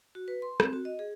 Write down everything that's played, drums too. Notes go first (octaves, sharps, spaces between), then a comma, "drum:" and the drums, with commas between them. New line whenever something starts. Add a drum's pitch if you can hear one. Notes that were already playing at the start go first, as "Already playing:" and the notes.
F#4
B4
C6
C4, drum: rim click
F#4
D#5
G#4